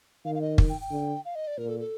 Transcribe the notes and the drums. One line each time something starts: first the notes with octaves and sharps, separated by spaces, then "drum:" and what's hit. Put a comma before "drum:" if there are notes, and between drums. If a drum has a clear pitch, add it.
D#3 F5
F5
D#5
drum: kick
G5
G5
D3
F5
D#5
D5
A#2 A#4
A4
A4